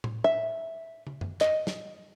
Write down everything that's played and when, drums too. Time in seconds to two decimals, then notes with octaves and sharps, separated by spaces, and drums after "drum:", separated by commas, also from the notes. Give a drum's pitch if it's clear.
0.04 drum: tom A2
0.24 E5
1.07 drum: tom
1.21 drum: tom F#2
1.41 D#5, drum: clap
1.67 drum: snare